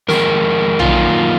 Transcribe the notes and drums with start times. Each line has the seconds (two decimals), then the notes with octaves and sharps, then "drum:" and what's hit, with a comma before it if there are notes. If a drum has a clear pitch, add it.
0.08 F2 D#3 G#3 A#4, drum: snare
0.79 F#2 D#3 A#3 F4, drum: tom A#1